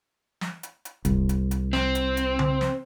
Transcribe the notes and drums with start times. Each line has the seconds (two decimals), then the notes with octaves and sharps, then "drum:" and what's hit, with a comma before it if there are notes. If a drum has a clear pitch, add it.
0.41 drum: snare
0.63 drum: hi-hat
0.85 drum: hi-hat
1.05 C2, drum: kick D1, hi-hat
1.29 drum: hi-hat
1.51 drum: hi-hat
1.73 C4, drum: snare
1.95 drum: hi-hat
2.17 drum: hi-hat
2.39 drum: tom C#3
2.61 drum: snare